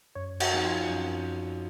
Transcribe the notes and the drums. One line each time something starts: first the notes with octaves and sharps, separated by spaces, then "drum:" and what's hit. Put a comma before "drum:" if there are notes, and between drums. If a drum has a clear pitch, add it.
F#2 C#5
F#4, drum: cymbal
F3 C4 D#4
F4
F#2